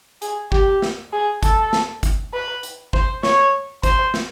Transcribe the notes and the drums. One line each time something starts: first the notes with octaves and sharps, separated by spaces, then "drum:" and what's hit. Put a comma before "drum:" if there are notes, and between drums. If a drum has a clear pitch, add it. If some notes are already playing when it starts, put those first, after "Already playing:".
G#4, drum: hi-hat
G4, drum: kick G1
drum: snare
G#4
A4, drum: kick G1, hi-hat
drum: snare
drum: kick G1, hi-hat
B4
drum: hi-hat
C5, drum: kick G1
C#5, drum: snare
C5, drum: kick G1, hi-hat
drum: snare